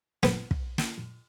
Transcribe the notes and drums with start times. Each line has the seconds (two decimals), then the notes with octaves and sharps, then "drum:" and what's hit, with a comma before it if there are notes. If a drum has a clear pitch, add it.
0.23 B3, drum: snare
0.51 drum: kick
0.78 drum: snare